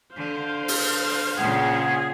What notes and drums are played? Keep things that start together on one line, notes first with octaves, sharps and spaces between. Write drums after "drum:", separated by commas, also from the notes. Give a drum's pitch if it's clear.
D3 C5 F5
drum: open hi-hat
A#2 C#3 G#4 F#5